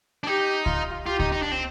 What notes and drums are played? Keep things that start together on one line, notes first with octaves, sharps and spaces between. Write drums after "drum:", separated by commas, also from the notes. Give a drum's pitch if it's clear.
D4
D#4 G4
F4, drum: kick C#2
F4 G4
D#4, drum: kick C#2
D#4
D4
C4